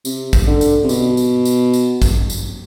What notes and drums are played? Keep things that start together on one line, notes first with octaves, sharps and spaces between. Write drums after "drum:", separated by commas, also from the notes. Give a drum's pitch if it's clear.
C3, drum: tambourine
drum: kick, tambourine
D3
drum: tambourine
C3
B2, drum: tambourine
drum: tambourine
drum: tambourine
drum: tambourine
drum: kick, tambourine
drum: tambourine